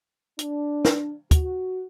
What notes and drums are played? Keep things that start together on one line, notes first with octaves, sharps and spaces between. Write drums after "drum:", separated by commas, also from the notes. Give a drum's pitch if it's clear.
D4, drum: hi-hat
drum: snare
F#4, drum: kick, hi-hat